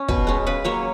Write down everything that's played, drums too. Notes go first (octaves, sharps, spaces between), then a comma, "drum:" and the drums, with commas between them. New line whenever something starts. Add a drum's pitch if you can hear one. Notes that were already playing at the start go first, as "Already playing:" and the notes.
Already playing: C#4
B2 B4, drum: kick
G#3 C#4
C#3 B4
F#3 A#3 C#4 C#5